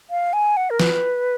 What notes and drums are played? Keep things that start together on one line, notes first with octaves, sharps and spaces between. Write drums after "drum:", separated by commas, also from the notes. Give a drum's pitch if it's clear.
F5
G#5
F#5
A#4
B4, drum: snare